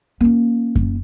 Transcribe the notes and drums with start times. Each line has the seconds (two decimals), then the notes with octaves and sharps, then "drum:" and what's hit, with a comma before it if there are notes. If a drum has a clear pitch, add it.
0.21 A#3 C#4
0.76 drum: kick F#2